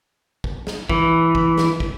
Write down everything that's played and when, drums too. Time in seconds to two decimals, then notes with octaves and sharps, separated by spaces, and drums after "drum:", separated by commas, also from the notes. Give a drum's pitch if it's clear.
0.44 drum: kick
0.67 drum: snare
0.89 E3, drum: kick
1.35 drum: kick
1.58 drum: snare
1.80 drum: kick